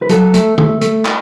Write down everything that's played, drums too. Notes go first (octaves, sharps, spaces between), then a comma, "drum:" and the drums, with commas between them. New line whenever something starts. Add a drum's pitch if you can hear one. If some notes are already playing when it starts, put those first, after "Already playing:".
B4
F#3 A4, drum: hi-hat
A3, drum: hi-hat
A3, drum: tom D3
A3, drum: hi-hat
drum: clap